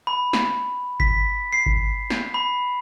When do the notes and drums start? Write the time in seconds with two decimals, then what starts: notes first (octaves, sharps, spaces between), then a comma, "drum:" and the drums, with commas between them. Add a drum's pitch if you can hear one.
0.07 B5
0.33 drum: snare
1.00 B6, drum: kick G#1
1.53 C7
1.66 drum: kick G#1
2.10 drum: snare
2.34 B5